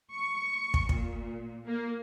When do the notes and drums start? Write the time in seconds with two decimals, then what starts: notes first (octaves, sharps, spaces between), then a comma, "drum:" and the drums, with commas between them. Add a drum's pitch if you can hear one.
0.13 C#6
0.74 drum: kick
0.89 A#2, drum: kick
1.66 A#3